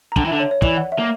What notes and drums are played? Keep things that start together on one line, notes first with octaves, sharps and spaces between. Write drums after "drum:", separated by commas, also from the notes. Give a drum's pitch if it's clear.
A#5
D3 G5, drum: kick
E3
D3 E5
C#5
C#5
E3 D5, drum: kick
F#5
E5
A#3